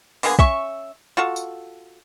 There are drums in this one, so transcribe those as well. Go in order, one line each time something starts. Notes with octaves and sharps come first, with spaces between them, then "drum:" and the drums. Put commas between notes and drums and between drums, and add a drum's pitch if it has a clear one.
D3 A#3 B3 G#4, drum: open hi-hat
C#4 E5 C#6, drum: kick
F4 F#4 A4
drum: tambourine